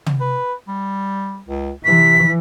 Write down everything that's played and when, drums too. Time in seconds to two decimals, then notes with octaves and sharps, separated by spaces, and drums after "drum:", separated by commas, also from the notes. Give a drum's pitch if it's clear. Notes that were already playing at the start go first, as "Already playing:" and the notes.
0.06 drum: tom
0.21 B4
0.68 G3
1.48 C#2
1.85 C3 E3 B6